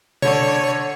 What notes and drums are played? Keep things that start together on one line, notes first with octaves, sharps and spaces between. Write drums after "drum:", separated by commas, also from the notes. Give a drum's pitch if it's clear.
D3 C#5, drum: tom B2